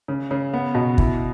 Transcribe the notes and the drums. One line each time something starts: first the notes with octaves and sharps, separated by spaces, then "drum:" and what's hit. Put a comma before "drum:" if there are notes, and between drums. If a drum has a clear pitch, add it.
C#3
C#3
B3
B2
E4, drum: kick